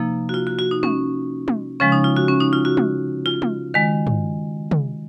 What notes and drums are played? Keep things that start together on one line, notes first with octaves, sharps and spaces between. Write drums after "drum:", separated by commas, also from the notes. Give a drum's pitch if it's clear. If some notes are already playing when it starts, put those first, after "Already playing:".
Already playing: C3 F3 A#3 D#4
F#4
F4
F#4
F#4
D#4
C#4, drum: tom
drum: tom
C#3 F3 G#3 C#4
D#4
F4
F#4
C#4
D#4
F4
F#4
drum: tom
F4
drum: tom
D#3 G#3
drum: tom
drum: tom